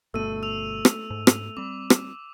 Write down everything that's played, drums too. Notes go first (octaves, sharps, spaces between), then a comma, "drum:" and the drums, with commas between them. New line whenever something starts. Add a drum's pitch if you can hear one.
G1 G2 B2 A3 E6 D#7
E6 F7
drum: rim click
G#2
drum: rim click
G3 C4 D6
drum: rim click